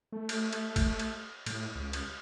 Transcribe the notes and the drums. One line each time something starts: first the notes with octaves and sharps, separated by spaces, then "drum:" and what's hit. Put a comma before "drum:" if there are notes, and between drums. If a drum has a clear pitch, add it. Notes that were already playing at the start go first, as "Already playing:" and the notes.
A3
drum: cymbal
drum: cymbal
drum: kick A1, cymbal
drum: cymbal
A2, drum: cymbal
C#2
drum: cymbal